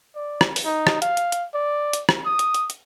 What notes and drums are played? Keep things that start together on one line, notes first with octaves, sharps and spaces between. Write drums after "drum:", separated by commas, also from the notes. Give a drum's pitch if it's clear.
D5
drum: rim click
drum: open hi-hat
D#4
drum: rim click
F5, drum: hi-hat
drum: hi-hat
drum: hi-hat
D5
drum: hi-hat
drum: rim click
D#6
drum: hi-hat
drum: hi-hat
drum: hi-hat